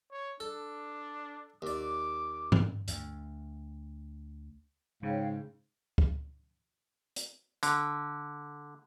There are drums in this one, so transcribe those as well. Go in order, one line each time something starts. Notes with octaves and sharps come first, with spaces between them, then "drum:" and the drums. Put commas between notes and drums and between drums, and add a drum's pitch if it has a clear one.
C#5
D4 A4
D#2 D5 D6
drum: tom G2
D2, drum: hi-hat
G#2 C#3 C#5 F5 G5
drum: kick C#2
drum: hi-hat
D3, drum: hi-hat